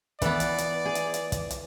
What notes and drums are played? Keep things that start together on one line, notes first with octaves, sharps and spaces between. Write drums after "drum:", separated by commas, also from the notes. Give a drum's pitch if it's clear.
E3 B3 D5, drum: kick, hi-hat
drum: hi-hat
drum: hi-hat
G#4
drum: hi-hat
drum: hi-hat
drum: kick, hi-hat
drum: hi-hat